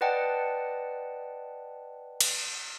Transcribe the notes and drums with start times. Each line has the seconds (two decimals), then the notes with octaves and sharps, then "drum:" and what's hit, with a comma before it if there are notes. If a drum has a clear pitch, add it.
0.01 B4 D5 D#5 F#5 G5 A5
2.21 drum: cymbal